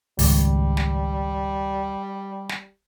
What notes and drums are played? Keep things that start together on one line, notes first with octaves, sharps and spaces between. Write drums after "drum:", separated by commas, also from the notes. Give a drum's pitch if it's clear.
G#1 C#2 G3, drum: open hi-hat
drum: snare
drum: snare